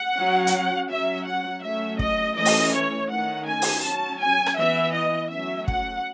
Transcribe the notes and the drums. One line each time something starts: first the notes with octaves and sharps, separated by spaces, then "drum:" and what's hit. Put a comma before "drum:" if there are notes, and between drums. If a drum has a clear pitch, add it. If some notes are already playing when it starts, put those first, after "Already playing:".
Already playing: F#5
F#3 C#4
drum: hi-hat
F#3 C#4 E5
F#5
F#3 A3 C#4 E5
D#5, drum: kick
E3 A3 C#4 D#5
drum: open hi-hat
C#5
D#3 A3 C#4 F#5
G#5
drum: open hi-hat
F#3 C#4 A5
G#5
drum: rim click
E3 B3 E5
D#5
F#3 A3 C#4 E5
F#5, drum: kick